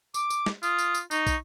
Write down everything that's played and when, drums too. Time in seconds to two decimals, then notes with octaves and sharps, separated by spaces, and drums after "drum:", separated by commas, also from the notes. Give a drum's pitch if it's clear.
0.14 D6, drum: tambourine
0.30 drum: tambourine
0.46 drum: snare
0.63 F4 D#6, drum: tambourine
0.78 drum: tambourine
0.94 drum: tambourine
1.11 D#4 C#6, drum: tambourine
1.27 drum: kick, tambourine